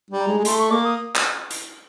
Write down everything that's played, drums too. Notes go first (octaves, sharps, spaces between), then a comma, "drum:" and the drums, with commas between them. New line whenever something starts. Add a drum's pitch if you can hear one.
G3
A#5
G#3
G#3
A3 C6, drum: hi-hat
C#6
A#3 D6
D#6
drum: clap
drum: hi-hat